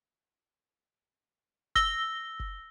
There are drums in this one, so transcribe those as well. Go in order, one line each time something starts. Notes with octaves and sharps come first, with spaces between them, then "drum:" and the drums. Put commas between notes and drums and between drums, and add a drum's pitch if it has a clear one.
E6 A#6 G7, drum: kick F#1
drum: kick F#1